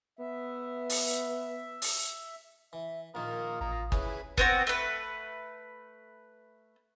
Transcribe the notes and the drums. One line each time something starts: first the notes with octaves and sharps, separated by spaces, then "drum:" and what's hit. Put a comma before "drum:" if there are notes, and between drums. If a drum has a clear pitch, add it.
B3 E5
drum: open hi-hat
drum: open hi-hat
E3 E5
A#1 D#3 F4 A#4 D#6
A1 F4 A#5
C#4 E4 G#4 B4, drum: kick
B3 C4 F#4, drum: kick
A3 B4